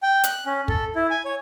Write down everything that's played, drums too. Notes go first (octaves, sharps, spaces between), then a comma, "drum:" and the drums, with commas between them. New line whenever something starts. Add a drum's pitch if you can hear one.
G5
F#6, drum: hi-hat
C#4
A4, drum: kick
E4
G#5
C#5